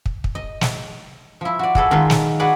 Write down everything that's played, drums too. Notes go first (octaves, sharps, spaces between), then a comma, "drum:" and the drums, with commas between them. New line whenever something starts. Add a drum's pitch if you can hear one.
drum: kick
drum: kick
D#5
drum: snare
F3 E4
F#4 D5
F#4 G#4 A4 B4, drum: kick
D#3 G#3 F4 A4 C6
drum: snare
F#4 G#4 B4 D5 F#5